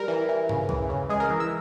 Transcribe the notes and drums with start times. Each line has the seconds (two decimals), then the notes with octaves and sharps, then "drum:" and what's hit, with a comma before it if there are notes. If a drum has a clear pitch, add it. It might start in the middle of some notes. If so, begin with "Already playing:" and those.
Already playing: G3 A#4
0.08 E3
0.29 E3
0.49 C#3, drum: tom G2
0.69 E3, drum: kick C2
0.89 C#3
1.09 G#3 G#4
1.20 A#4
1.30 E3
1.40 E6